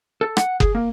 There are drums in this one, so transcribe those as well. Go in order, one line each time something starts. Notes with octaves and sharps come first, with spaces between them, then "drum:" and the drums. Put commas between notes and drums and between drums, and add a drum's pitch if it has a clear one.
A4
F#5, drum: rim click
G#4, drum: kick F#1
A#3